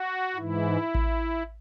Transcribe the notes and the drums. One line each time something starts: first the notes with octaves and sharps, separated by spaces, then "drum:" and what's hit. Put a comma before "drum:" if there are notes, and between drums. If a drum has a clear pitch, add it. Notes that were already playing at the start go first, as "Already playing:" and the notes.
Already playing: F#4
G#2 E3 E4
drum: kick A1